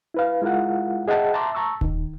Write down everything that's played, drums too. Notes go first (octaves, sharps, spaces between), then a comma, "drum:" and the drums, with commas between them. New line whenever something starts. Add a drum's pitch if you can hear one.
E4 B4 F5
G#3 E4 F4 A#4 F5 F#5
G#4 D#5 E5 F#5 G5 A5
E5 A5 A#5 C6 D6
A5 A#5 C#6 E6
D#3, drum: kick D#1